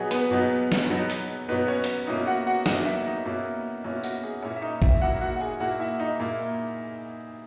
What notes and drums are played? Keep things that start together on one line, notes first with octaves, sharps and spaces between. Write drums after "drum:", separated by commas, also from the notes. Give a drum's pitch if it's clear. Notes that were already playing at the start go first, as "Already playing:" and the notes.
Already playing: B2 F#3 B3 D#4 F#4 G#4
B3 B4, drum: hi-hat
B2 F#3 B3 D#4
drum: snare
B2 F#3 B3 D#4
drum: hi-hat
B2 F#3 B3 D#4 B4
C#4 C#5
drum: hi-hat
B2 A#3 C#4 D#4 E4 D#5
F#4 F#5
F#4 F#5
B2 A#3 C#4 E4 F#4 F#5, drum: snare
E4 E5
D#4 D#5
B2 A#3 C#4 E4
B2 A#3 C#4 E4
F#4, drum: tambourine
G#4
A#2 A#3 C#4 E4 C#5
E5
D#4 D#5
E4 E5, drum: kick G#1
A#2 A#3 E4 F#4 F#5
F#4 F#5
F#5
G#4 G#5
A#2 A#3 E4 F#4 F#5
E4 E5
D#4 D#5
A#2 A#3 E4